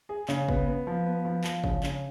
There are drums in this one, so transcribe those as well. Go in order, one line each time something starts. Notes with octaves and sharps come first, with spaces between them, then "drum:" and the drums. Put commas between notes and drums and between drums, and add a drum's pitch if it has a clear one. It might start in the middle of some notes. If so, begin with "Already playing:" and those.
G#4
C#3, drum: clap
B3, drum: kick
B3
F3
B3
F3
F3, drum: clap
C#3, drum: kick
C#3, drum: clap